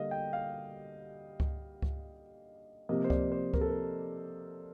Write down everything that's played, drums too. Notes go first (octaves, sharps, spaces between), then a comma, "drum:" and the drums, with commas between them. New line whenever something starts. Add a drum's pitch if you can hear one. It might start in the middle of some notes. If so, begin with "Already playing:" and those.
Already playing: D3 G3 A#3 D#5 F5
G5
F5
drum: kick C#2
drum: kick C#2
C3 F3 A#3 D#5
C5
D5, drum: kick C#2
C5
A#4, drum: kick C#2
A4
A#4